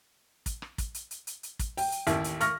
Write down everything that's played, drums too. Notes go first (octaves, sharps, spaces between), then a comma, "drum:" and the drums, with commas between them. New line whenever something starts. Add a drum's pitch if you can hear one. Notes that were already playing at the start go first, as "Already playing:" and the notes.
drum: kick, hi-hat
drum: rim click
drum: kick, hi-hat
drum: hi-hat
drum: hi-hat
drum: hi-hat
drum: hi-hat
drum: kick, hi-hat
G5, drum: open hi-hat
drum: hi-hat
A1 D#2 E4, drum: hi-hat
drum: hi-hat
C#6 F6 A#6, drum: hi-hat